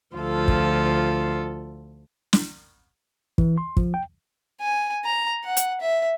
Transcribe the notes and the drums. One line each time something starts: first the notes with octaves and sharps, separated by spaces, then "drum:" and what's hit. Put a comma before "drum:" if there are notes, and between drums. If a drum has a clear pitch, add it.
D2 F3 F4 A4
drum: kick
drum: snare
E3, drum: kick
C6
F3, drum: kick
G5
G#5
A#5
F#5
drum: hi-hat
E5